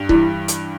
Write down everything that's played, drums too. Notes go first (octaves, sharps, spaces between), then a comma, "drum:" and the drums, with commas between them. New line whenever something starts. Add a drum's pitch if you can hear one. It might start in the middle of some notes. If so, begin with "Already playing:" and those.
Already playing: G2
E3 G3 E4, drum: kick C#1
drum: hi-hat